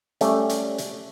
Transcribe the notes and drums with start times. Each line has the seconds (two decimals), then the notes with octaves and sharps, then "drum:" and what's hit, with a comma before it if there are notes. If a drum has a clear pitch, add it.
0.21 G3 A3 C#4, drum: hi-hat
0.49 drum: hi-hat
0.78 drum: hi-hat